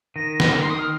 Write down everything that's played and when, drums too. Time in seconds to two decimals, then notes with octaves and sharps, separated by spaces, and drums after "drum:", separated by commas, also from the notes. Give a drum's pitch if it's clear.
0.16 D#3 A#6
0.40 drum: snare
0.53 A#5
0.61 C6
0.70 D#6
0.79 F6